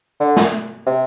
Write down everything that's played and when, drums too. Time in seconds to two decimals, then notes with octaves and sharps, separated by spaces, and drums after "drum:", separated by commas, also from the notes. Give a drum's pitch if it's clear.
0.20 D3
0.36 drum: snare
0.87 C3